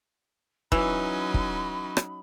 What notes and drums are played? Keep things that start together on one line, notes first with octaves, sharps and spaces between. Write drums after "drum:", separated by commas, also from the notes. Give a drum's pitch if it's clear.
E3 F#3 C#4 D#4 B5, drum: kick
drum: kick
drum: rim click